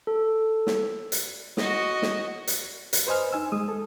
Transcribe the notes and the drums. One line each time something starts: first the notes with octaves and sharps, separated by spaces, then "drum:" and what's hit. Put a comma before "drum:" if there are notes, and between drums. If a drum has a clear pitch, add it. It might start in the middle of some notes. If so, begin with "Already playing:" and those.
A4
drum: snare
drum: hi-hat
F#4 D#5, drum: snare
drum: snare
drum: hi-hat
drum: hi-hat
B4 C5 D#5 G#5 F6
D#4 G#5 E6
G#3 D#6
A4